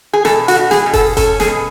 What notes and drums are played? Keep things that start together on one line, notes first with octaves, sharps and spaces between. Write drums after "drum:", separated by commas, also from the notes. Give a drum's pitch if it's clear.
G#4
B2 A4, drum: snare
F#4, drum: hi-hat
B2
G#4, drum: snare
B2
A4, drum: kick F1, open hi-hat
C#4 A4, drum: kick F1, hi-hat
G#4, drum: snare
B2